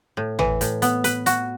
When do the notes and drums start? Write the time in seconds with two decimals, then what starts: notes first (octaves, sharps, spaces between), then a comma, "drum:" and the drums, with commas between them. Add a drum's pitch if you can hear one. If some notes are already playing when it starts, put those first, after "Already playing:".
0.17 A2
0.39 E3, drum: tom
0.61 A2, drum: hi-hat
0.82 B3, drum: hi-hat
1.04 B4, drum: hi-hat
1.26 F#4, drum: hi-hat